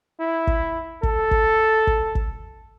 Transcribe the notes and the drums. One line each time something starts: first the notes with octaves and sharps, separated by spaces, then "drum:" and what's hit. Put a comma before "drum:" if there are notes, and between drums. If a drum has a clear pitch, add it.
E4
drum: kick
A4, drum: kick
drum: kick
drum: kick
drum: kick